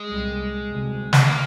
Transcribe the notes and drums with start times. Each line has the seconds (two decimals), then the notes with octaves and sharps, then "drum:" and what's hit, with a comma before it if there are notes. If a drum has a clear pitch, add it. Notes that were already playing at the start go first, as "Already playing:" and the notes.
Already playing: G#3
0.11 C2 A#2 G3
0.68 D2 C3 G3
1.13 drum: snare
1.26 A#3